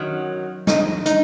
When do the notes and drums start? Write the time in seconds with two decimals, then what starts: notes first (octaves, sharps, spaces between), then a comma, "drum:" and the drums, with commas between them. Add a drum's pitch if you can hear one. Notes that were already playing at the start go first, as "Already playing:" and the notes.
Already playing: F#2 D#3 F#3
0.67 D#4, drum: snare
1.06 D#4, drum: hi-hat